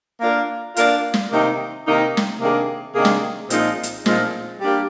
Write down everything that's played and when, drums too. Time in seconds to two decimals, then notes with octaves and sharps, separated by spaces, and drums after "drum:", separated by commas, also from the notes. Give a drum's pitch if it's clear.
0.21 A#3 D4 F4 A#4
0.76 A#3 D4 F4 A#4, drum: hi-hat
1.14 drum: snare
1.31 C3 D#3 A#3 D#4
1.86 C3 D#3 A#3 D#4
2.17 drum: snare
2.41 C3 D#3 A#3 D4 G#4
2.95 C3 D#3 A#3 D4 G#4
3.05 drum: snare
3.50 A#2 F3 G#3 C4 D#4, drum: hi-hat
3.83 drum: hi-hat
4.06 A#2 F3 G#3 C4 D#4, drum: snare
4.60 G3 A#3 D4 G4